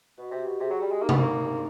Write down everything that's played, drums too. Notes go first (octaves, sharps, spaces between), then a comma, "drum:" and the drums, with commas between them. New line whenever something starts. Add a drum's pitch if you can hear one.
B2 F#4
C3
G4
B2
C3 G#4
F#3
G3 G4
G#3
A#3 D#4
B3, drum: tom C3
A#3
D4